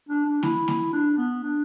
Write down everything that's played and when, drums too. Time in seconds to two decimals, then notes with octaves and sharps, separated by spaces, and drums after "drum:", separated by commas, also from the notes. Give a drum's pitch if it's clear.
0.09 D4
0.26 D4
0.43 E4, drum: snare
0.68 drum: snare
0.93 D4
1.17 B3
1.43 D4